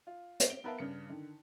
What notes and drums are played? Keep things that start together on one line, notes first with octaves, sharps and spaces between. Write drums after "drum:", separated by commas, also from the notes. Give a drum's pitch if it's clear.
F4
drum: hi-hat
D7 G7
B3 A#4 B4 E5 F5 A5
G2 C#3 C#7
D3 D#3